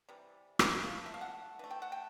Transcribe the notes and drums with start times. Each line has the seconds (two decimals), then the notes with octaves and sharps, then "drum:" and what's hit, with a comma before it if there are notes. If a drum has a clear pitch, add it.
0.09 C3 E3 G3
0.59 drum: rim click
0.84 E3 A3 F5
1.06 E5
1.14 F5
1.21 F#5
1.59 E3 A3
1.71 G5
1.82 F#5
1.92 G5